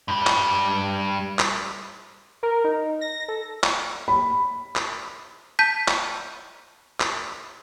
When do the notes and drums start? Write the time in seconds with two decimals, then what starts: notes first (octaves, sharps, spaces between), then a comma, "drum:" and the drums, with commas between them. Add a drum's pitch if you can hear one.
0.08 G2 G3
0.27 drum: clap
1.39 drum: clap
2.43 A#4
2.64 D#4
3.01 A#6
3.28 A4
3.64 drum: clap
4.08 B5
4.76 drum: clap
5.59 A5 G6 B6
5.88 drum: clap
7.00 drum: clap